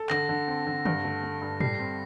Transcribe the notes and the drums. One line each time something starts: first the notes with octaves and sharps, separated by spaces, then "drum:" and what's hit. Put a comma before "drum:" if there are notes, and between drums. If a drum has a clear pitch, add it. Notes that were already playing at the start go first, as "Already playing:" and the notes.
Already playing: A4
D3 A#6, drum: clap
D3
C4
D3
G2, drum: tom
A3
A3
G2
G3 C7, drum: tom
C4